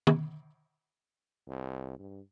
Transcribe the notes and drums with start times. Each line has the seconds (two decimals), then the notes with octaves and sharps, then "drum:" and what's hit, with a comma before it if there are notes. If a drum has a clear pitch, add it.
0.07 drum: tom
1.48 C2
1.99 G2